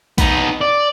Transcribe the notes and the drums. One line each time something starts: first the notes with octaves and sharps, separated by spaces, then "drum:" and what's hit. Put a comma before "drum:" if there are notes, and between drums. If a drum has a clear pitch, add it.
B3 D#4, drum: kick A#1, hi-hat
D5